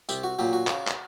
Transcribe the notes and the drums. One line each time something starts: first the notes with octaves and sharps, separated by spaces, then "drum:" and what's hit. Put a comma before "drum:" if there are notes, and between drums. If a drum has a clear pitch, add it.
C2 G4, drum: tambourine
F#4
A#2 F#3 G4
F#4
C#3, drum: clap
drum: clap